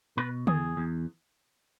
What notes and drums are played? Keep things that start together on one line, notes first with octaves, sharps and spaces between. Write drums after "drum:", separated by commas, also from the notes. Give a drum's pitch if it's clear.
B2 B4
E2 G#4, drum: tom
E2